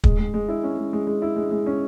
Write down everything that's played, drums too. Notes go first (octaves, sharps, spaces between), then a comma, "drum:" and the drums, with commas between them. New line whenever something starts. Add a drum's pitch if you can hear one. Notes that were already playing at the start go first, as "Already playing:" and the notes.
G#3, drum: kick
G#3
G#3
E4
C#4
G#3
G#3
G#3
E4
G#3
G#3
C#4